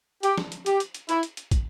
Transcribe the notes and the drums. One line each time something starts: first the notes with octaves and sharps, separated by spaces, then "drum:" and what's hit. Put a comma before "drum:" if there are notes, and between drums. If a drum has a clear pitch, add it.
G4, drum: hi-hat
drum: snare
drum: hi-hat
G4, drum: hi-hat
drum: hi-hat
drum: hi-hat
E4, drum: hi-hat
drum: hi-hat
drum: hi-hat
drum: kick, hi-hat